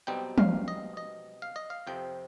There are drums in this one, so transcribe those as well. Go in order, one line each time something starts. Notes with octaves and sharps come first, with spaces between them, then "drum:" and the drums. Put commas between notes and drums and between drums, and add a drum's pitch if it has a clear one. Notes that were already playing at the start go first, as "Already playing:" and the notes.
B1 B2 G3 C4 D#4 G5
F5, drum: tom
D#5
D#5
F5
D#5
F5
F2 C3 F3 C4 G5